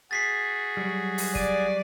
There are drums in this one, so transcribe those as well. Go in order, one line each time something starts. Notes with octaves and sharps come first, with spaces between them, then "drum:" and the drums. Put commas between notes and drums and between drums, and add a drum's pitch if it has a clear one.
F#4 G#4 A6 B6 C7
F#3 G3
drum: open hi-hat
D5 D#7, drum: kick